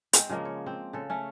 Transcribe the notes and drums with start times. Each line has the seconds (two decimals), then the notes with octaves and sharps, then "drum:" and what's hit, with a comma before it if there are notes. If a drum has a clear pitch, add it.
0.13 G#3 C4, drum: hi-hat
0.29 C#3 F3 G#3 A#3
0.45 C#5
0.66 C4
0.93 C#3 A4
1.10 A3 C#4